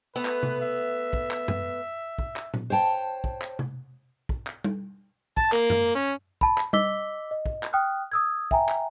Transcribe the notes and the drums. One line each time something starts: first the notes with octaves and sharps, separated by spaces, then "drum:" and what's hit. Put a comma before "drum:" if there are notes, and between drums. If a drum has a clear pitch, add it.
A3 B3 B4
drum: clap
drum: tom C3
E5
drum: kick
drum: clap
drum: tom F#2
drum: kick
drum: clap
drum: tom A#2
C5 C#5 G5 A5
drum: kick
drum: clap
drum: tom C3
drum: kick
drum: clap
drum: tom G3
A5, drum: kick
A#3, drum: clap
drum: tom F#2
C#4
A5 B5, drum: kick
drum: clap
D#5 D6 E6 B6 G7, drum: tom G3
D#5
drum: kick
drum: clap
G5 D#6 F6 F#6
D#6 E6 G#6
E5 G5 G#5 A#5, drum: kick
drum: clap